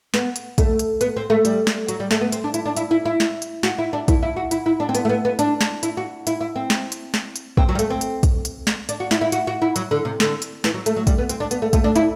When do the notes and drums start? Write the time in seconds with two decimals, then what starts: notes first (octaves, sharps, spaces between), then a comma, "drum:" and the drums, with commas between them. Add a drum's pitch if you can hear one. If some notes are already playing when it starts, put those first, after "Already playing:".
0.14 B3, drum: snare
0.36 drum: hi-hat
0.58 A3, drum: kick, hi-hat
0.79 drum: hi-hat
1.01 B3, drum: hi-hat
1.16 C4
1.30 A3
1.45 G3, drum: hi-hat
1.67 drum: snare
1.88 F#3, drum: hi-hat
2.00 G3
2.11 A3, drum: snare
2.21 B3
2.32 C4, drum: hi-hat
2.44 D4
2.54 E4, drum: hi-hat
2.66 D4
2.77 E4, drum: hi-hat
2.91 E4
3.05 E4
3.20 drum: snare
3.42 drum: hi-hat
3.63 F#4, drum: snare
3.78 E4
3.93 D4
4.08 E4, drum: kick, hi-hat
4.22 E4
4.36 F#4
4.51 E4, drum: hi-hat
4.66 E4
4.80 D4
4.89 C4
4.95 B3, drum: hi-hat
5.05 A3
5.09 B3
5.25 B3
5.39 D4, drum: hi-hat
5.61 drum: snare
5.83 E4, drum: hi-hat
5.97 F#4
6.27 E4, drum: hi-hat
6.41 E4
6.56 C4
6.70 drum: snare
6.92 drum: hi-hat
7.14 drum: snare
7.36 drum: hi-hat
7.57 C4, drum: kick
7.69 F#3
7.75 G3
7.79 A3, drum: hi-hat
7.90 C4
8.01 drum: hi-hat
8.23 drum: kick, hi-hat
8.45 drum: hi-hat
8.67 drum: snare
8.89 D4, drum: hi-hat
9.00 F#4
9.11 E4, drum: snare
9.21 E4
9.32 F#4, drum: hi-hat
9.47 F#4
9.62 E4
9.76 F#3, drum: hi-hat
9.91 D3
10.05 C3
10.20 D3, drum: snare
10.42 drum: hi-hat
10.64 E3, drum: snare
10.74 F#3
10.86 A3, drum: hi-hat
10.96 F#3
11.07 G3, drum: kick, hi-hat
11.18 B3
11.29 C4, drum: hi-hat
11.40 D4
11.51 B3, drum: hi-hat
11.62 A3
11.73 A3, drum: kick, hi-hat
11.84 D4
11.96 E4, drum: hi-hat